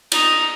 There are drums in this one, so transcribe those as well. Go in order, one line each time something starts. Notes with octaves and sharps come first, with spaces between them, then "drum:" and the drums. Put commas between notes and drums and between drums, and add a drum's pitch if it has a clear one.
D#4, drum: cymbal